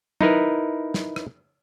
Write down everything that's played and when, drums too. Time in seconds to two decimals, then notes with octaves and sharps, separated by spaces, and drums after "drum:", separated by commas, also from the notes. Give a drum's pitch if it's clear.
0.21 D#4 E4 A#4 B4, drum: tom F#3
0.94 drum: snare
1.16 drum: rim click